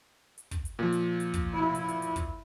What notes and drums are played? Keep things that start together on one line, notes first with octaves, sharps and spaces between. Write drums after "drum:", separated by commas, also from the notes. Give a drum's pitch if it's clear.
drum: hi-hat
drum: kick, hi-hat
drum: hi-hat
A#2 F3
drum: hi-hat
drum: hi-hat
drum: kick, hi-hat
E4
drum: hi-hat
drum: hi-hat
drum: hi-hat
drum: kick, hi-hat